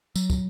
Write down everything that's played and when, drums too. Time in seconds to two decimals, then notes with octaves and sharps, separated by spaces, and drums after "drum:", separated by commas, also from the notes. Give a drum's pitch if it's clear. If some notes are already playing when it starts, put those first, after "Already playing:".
0.16 F#3, drum: tambourine
0.30 drum: kick, tambourine